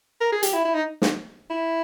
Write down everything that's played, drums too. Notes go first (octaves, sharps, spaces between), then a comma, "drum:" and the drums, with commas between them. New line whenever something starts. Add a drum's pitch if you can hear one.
A#4
G#4
G4, drum: hi-hat
E4
E4
D#4
drum: snare
E4